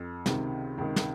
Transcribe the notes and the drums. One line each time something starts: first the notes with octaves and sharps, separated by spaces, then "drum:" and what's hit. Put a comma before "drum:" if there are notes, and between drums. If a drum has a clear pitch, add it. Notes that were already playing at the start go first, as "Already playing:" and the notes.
Already playing: F2
C#2 C3 D#3, drum: snare
C#2 C3 D#3
drum: snare